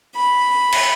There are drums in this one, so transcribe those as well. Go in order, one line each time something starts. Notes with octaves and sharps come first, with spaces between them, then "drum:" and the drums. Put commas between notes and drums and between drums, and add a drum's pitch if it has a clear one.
B5
drum: cymbal